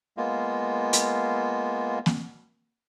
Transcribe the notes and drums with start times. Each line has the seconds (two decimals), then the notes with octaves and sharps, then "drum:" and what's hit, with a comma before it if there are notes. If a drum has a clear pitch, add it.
0.17 G#3 A#3 B3 F4
0.93 drum: hi-hat
2.06 drum: snare A#3